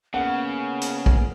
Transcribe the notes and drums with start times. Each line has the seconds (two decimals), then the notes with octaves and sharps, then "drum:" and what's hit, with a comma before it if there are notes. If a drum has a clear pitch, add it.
0.14 C#3 A#3 B3 C#4 F#5
0.81 drum: hi-hat
1.06 drum: kick A#1